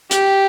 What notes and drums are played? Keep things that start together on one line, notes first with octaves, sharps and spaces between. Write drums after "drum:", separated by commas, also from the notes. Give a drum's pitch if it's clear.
G4, drum: hi-hat